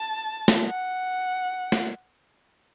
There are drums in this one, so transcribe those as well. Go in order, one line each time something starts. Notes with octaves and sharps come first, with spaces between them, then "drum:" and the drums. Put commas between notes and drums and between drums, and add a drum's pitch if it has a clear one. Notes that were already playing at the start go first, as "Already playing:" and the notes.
Already playing: A5
drum: snare
F#5
drum: snare